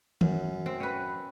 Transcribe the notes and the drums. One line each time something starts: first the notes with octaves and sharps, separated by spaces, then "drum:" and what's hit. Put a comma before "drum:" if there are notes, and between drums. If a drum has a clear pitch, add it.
F#2, drum: tom D#3
C4
C#4 B4